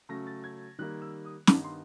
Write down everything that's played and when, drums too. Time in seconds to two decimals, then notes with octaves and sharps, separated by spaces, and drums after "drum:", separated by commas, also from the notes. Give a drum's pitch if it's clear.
0.09 C#3 F#3 A3 A#6
0.27 A6
0.44 G#6
0.79 D#3 G3 A#3 F#6
1.02 E6
1.25 D#6
1.47 G2 D#3 G3 B3 D#4 D6, drum: snare
1.64 C6